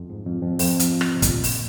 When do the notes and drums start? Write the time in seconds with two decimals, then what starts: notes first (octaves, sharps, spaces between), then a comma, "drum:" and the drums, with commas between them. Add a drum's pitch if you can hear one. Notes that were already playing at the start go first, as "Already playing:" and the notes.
Already playing: F2
0.10 G#2
0.26 F2
0.42 F2
0.51 E2
0.59 F2, drum: open hi-hat
0.80 drum: hi-hat
1.01 drum: rim click
1.16 C3
1.22 A#2, drum: kick, hi-hat
1.43 drum: open hi-hat